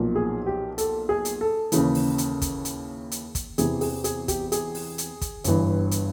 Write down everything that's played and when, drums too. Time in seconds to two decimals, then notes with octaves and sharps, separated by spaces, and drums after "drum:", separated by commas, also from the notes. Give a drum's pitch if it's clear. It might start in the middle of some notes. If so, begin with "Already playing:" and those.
Already playing: B1 A#2 F3
0.16 G#4
0.47 G4
0.78 A4, drum: hi-hat
1.09 G#4
1.25 drum: hi-hat
1.41 A4
1.72 D#2 C#3 E3, drum: hi-hat
1.95 drum: open hi-hat
2.18 drum: hi-hat
2.42 drum: kick, hi-hat
2.65 drum: hi-hat
3.11 drum: hi-hat
3.35 drum: kick, hi-hat
3.58 E2 C3 E3 G#4, drum: hi-hat
3.81 G#4, drum: open hi-hat
4.04 G#4, drum: hi-hat
4.28 G4, drum: kick, hi-hat
4.52 G#4, drum: hi-hat
4.75 drum: open hi-hat
4.98 drum: hi-hat
5.21 drum: kick, hi-hat
5.44 G1 G2 E3, drum: hi-hat
5.91 drum: hi-hat